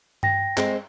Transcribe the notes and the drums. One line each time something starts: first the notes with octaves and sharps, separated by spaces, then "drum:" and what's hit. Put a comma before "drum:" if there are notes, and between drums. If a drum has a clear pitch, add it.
G5 A#6, drum: tom G2
G#3 C4, drum: clap